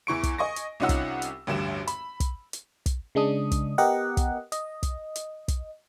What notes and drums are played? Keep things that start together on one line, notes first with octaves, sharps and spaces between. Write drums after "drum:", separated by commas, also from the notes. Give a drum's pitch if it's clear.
E2 E3 C#6 D7
drum: kick, hi-hat
D#5 G#5 C#6 A#6
drum: hi-hat
C2 C#4 D#4 F4 F#5 E6
drum: kick, hi-hat
drum: hi-hat
A1 D2 G2 E7
B5, drum: hi-hat
drum: kick, hi-hat
drum: hi-hat
drum: kick, hi-hat
C#3 G#3 D4 D#6
drum: kick, hi-hat
B3 G4 A#4 D#5 F#5
drum: kick, hi-hat
D#5, drum: hi-hat
drum: kick, hi-hat
drum: hi-hat
drum: kick, hi-hat